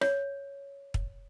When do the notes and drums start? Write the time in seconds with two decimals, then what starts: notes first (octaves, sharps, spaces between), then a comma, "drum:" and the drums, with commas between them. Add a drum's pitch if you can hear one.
0.01 C#5, drum: rim click
0.94 drum: kick